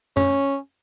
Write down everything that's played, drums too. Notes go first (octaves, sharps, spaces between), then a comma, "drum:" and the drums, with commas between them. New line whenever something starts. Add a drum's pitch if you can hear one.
C#4, drum: tom